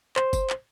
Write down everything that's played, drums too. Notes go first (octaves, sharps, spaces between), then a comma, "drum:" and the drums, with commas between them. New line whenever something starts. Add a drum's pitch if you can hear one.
C5, drum: clap
drum: kick, tambourine
drum: clap